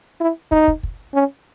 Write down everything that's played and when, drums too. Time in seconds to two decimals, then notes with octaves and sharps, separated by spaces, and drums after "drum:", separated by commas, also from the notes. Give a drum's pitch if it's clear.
0.20 E4
0.52 D#4, drum: kick
0.68 drum: kick
0.83 drum: kick
1.14 C#4